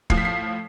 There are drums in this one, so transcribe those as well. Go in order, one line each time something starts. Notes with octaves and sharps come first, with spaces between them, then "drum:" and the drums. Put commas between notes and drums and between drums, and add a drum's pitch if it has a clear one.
A2 F3 C7, drum: kick
B6
C7